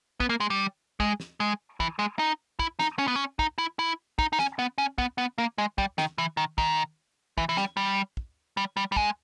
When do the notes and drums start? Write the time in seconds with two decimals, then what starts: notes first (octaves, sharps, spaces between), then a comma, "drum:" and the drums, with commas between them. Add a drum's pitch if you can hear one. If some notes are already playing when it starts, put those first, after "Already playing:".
0.20 B3, drum: kick
0.29 A#3
0.40 G#3
0.50 G3
1.00 G#3, drum: kick
1.20 drum: snare
1.40 G#3
1.80 E3, drum: kick
1.99 G#3
2.19 D#4
2.59 E4, drum: kick
2.79 D#4, drum: snare
2.99 C#4
3.08 B3
3.16 C#4
3.39 D#4, drum: kick
3.58 E4
3.79 E4
4.19 D#4, drum: kick
4.33 D#4
4.39 C#4, drum: snare
4.59 B3
4.78 C#4
4.98 B3, drum: kick
5.18 B3
5.38 A#3
5.58 G#3
5.78 G3, drum: kick
5.98 D#3, drum: snare
6.18 E3
6.37 D#3
6.58 D#3, drum: kick
7.38 E3, drum: kick
7.49 E3
7.57 G3, drum: snare
7.77 G3
8.17 drum: kick
8.57 G3
8.77 G3
8.92 G3
8.96 G#3, drum: kick